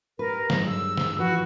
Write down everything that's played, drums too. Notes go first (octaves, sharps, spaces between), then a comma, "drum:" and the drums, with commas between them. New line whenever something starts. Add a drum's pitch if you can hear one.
G4 A#4 B4
G2 F#3 G#3, drum: snare
E6
drum: snare
E3 F3 F#4 B4